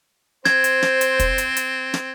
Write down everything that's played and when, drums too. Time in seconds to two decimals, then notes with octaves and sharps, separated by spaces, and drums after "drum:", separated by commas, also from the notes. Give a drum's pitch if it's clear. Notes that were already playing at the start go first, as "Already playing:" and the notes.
0.45 C4 C5 G#6, drum: snare
0.64 drum: hi-hat
0.82 drum: snare
1.01 drum: hi-hat
1.19 drum: kick, hi-hat
1.38 drum: hi-hat
1.57 drum: hi-hat
1.94 drum: snare